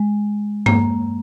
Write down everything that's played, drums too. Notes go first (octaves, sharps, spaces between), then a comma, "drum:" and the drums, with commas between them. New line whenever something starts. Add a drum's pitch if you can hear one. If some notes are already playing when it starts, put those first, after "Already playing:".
Already playing: G#3
A#3, drum: tom G2